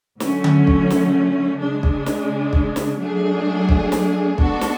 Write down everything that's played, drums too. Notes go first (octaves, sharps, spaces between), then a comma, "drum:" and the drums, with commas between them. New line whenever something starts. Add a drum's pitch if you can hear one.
D3 F#3 A3 C#4, drum: snare
drum: tom D3
drum: kick B1
drum: snare
C#3 G#3 D4
drum: kick B1
drum: snare
drum: kick B1
drum: snare
F#3 A3 D4 G#4
drum: kick B1
drum: snare
G#3 B3 D4 F#4 A4, drum: kick B1
drum: snare